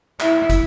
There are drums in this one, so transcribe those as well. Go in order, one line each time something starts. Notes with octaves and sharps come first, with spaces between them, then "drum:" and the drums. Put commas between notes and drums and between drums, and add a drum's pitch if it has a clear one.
E4, drum: clap
drum: kick, hi-hat